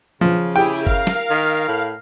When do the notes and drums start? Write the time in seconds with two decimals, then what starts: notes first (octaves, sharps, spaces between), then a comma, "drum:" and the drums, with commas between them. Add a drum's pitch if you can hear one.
0.21 C#3 F3
0.56 E4 G4 G#4 G5
0.87 A#4 F5, drum: kick
1.07 drum: snare
1.30 D#3
1.68 A2